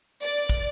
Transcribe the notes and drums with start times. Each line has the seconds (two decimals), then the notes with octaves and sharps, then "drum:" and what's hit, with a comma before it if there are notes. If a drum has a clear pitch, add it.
0.20 D5, drum: tambourine
0.35 drum: tambourine
0.49 drum: kick, tambourine